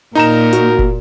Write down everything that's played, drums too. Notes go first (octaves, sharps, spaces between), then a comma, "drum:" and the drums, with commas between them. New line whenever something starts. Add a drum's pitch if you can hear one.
A#2 A#3 D#4 A#4 A#5 E7
F#4, drum: hi-hat
drum: kick